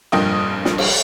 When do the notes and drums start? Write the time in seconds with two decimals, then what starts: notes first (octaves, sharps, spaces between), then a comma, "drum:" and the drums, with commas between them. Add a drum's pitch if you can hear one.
0.12 F1 G2 A#2 D#5 G5 D#6
0.65 drum: snare
0.78 drum: cymbal